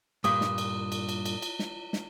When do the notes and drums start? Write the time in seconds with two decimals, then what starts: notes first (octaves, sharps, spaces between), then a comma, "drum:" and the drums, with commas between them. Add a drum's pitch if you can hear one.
0.24 G2 A#2 D#6, drum: cymbal
0.41 drum: snare
0.58 drum: cymbal
0.92 drum: cymbal
1.09 drum: cymbal
1.26 drum: cymbal
1.42 drum: cymbal
1.59 drum: snare
1.93 drum: snare